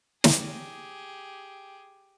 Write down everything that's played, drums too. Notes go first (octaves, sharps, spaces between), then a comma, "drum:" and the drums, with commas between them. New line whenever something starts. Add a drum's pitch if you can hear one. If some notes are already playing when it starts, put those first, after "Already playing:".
G4 G#4, drum: snare